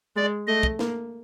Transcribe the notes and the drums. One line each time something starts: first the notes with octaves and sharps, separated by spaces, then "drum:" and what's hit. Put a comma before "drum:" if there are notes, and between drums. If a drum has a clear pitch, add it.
G#3 D5
A3 D#5
drum: kick
A#3, drum: snare